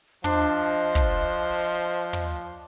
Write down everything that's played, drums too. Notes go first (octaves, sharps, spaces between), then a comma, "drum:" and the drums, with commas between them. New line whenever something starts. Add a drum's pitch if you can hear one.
F3 D4 C5 D#5, drum: tom
drum: kick
drum: tom